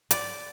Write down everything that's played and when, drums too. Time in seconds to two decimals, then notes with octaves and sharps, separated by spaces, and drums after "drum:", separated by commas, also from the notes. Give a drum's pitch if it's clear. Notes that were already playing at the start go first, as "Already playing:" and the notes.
0.11 D5, drum: hi-hat